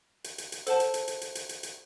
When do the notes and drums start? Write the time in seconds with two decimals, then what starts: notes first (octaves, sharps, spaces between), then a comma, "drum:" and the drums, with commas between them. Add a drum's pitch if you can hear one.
0.24 drum: hi-hat
0.38 drum: hi-hat
0.52 drum: hi-hat
0.67 A4 C5 F#5 A5, drum: hi-hat
0.80 drum: hi-hat
0.94 drum: hi-hat
1.08 drum: hi-hat
1.21 drum: hi-hat
1.35 drum: hi-hat
1.49 drum: hi-hat
1.63 drum: hi-hat